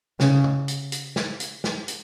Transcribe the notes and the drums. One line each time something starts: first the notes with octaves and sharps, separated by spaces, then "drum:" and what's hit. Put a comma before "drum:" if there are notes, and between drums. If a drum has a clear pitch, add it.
C#3, drum: snare
drum: tom
drum: hi-hat
drum: hi-hat
drum: snare
drum: hi-hat
drum: snare
drum: hi-hat